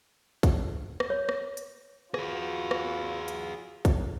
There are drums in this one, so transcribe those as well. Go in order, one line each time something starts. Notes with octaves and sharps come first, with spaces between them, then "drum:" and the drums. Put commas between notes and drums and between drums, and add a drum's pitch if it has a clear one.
drum: kick, hi-hat
drum: rim click
C#5
drum: rim click
drum: hi-hat
F4 F#4 G#4 B4, drum: rim click
drum: rim click
drum: hi-hat
drum: kick, hi-hat